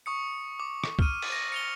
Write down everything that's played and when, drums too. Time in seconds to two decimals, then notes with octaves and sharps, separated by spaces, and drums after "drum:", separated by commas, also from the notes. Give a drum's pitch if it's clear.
0.06 C#6 D#6 C#7
0.60 D6
0.84 drum: rim click
0.99 F6 D#7, drum: kick
1.22 drum: cymbal
1.32 A#6
1.52 C#7 F7 G7